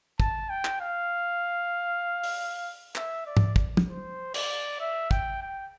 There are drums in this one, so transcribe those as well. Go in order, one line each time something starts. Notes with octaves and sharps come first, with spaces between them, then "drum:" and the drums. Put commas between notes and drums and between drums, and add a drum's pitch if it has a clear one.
A5, drum: kick
G5
drum: clap
F5
drum: open hi-hat
E5, drum: clap
D5
drum: tom G#2
drum: kick
drum: tom
C5
D5, drum: cymbal
E5
G5, drum: kick
G5